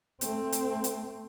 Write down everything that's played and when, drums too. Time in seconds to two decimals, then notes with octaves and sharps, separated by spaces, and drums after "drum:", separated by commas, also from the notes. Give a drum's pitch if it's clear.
0.21 A3 C4, drum: hi-hat
0.52 drum: hi-hat
0.84 drum: hi-hat